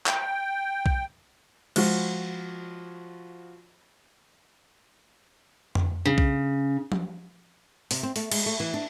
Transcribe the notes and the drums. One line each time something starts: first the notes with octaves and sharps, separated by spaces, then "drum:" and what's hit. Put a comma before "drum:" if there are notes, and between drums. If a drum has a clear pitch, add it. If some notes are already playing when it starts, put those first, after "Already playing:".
G5, drum: clap
drum: kick B1
F3 G#3 F#4, drum: cymbal
drum: tom F2
C#3
drum: kick B1
drum: tom F3
C3, drum: open hi-hat
C4
A3, drum: open hi-hat
G#3, drum: cymbal
A3
E3
D4